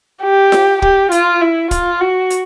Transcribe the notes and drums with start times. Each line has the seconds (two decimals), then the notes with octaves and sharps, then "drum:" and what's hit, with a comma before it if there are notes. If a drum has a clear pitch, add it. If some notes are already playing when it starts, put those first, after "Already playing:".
0.22 G4
0.52 drum: snare F4
0.82 G4, drum: kick
1.11 F4, drum: hi-hat
1.41 E4
1.71 F4, drum: kick, hi-hat
2.01 F#4
2.30 drum: hi-hat